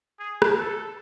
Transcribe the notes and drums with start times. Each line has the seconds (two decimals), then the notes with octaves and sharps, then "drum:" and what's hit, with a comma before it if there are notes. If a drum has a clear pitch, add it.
0.19 G#4
0.42 drum: rim click
0.59 A4